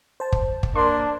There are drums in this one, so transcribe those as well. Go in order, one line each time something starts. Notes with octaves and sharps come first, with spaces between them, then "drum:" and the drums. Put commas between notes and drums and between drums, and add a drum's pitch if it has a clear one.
C5 A5
drum: kick
drum: kick
A#3 D4 C6